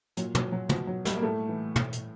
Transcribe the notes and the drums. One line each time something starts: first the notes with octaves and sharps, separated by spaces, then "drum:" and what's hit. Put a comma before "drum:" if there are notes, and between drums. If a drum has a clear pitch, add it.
A#2 F#3, drum: hi-hat
F#3, drum: tom
F#3
B2 F3, drum: tom
F#3
G3, drum: snare
A#3
A2 A3
E3
A2, drum: tom
drum: hi-hat